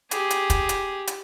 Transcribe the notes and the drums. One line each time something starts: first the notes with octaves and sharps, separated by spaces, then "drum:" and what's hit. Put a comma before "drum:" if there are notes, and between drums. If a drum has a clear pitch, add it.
G4 G#4, drum: hi-hat
drum: hi-hat
drum: kick, hi-hat
drum: hi-hat
drum: hi-hat